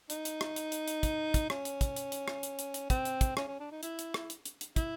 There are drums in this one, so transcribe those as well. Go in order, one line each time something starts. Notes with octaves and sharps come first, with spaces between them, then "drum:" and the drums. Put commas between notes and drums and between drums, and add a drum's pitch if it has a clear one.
D#4, drum: hi-hat
drum: hi-hat
drum: rim click
drum: hi-hat
drum: hi-hat
drum: hi-hat
drum: kick, hi-hat
drum: kick, hi-hat
C#4, drum: rim click
drum: hi-hat
drum: kick, hi-hat
drum: hi-hat
drum: hi-hat
drum: rim click
drum: hi-hat
drum: hi-hat
drum: hi-hat
C4, drum: kick, hi-hat
drum: hi-hat
drum: kick, hi-hat
C#4, drum: rim click
C#4
D4
D#4
E4, drum: hi-hat
drum: hi-hat
drum: rim click
drum: hi-hat
drum: hi-hat
drum: hi-hat
E4, drum: kick, hi-hat